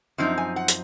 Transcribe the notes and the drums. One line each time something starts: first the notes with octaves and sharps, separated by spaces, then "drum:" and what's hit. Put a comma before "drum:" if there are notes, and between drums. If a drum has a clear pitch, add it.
F#2 F3 C4 D#4
G#5
F#5
drum: hi-hat